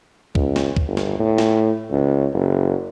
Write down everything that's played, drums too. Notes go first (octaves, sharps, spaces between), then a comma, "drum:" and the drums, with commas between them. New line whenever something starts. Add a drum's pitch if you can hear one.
C#2, drum: kick
drum: snare
drum: kick
G1
drum: snare
A2
drum: snare
C#2
F#1